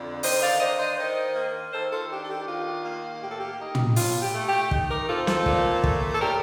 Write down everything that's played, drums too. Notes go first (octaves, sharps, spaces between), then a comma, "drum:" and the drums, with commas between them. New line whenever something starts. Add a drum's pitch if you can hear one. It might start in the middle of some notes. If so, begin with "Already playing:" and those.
Already playing: F2 D3
D#3 C5 D#5, drum: open hi-hat
D5 F5
D4 C5 D#5
C5 D#5
D#3 C5 D#5
A#3
D#3 A4 C5
F4 A4
D4 G4
A4
G4
D#3 F4
A#3
A2 G4
A4
G4
D#4
drum: tom
A2 F4, drum: open hi-hat
G4
A3
G4
D#4, drum: kick
G4 A#4
C4 F4 A4
F4 A4, drum: snare
A#2, drum: kick
A3, drum: kick
A4
A2 G4 A#4